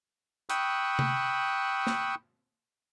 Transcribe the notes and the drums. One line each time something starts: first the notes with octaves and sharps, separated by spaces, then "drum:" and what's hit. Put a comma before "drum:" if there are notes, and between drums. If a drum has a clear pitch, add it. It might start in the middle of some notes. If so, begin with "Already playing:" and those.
G5 B5 C#6 D#6 E6 F#6, drum: hi-hat
drum: tom C3
drum: snare